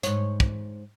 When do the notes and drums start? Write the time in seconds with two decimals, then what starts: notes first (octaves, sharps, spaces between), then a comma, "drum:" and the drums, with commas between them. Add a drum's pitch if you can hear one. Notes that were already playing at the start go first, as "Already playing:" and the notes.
0.03 G#2 C#5, drum: hi-hat
0.40 drum: kick